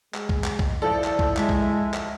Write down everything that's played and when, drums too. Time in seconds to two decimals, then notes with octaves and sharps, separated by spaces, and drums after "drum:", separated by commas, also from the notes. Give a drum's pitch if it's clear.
0.14 G#3, drum: clap
0.29 drum: kick C2
0.44 drum: clap
0.59 drum: kick C2
0.82 F3 E4 A4 D5
1.04 drum: clap
1.19 drum: kick C2
1.37 G#3 E5, drum: clap
1.49 drum: kick C2
1.94 drum: clap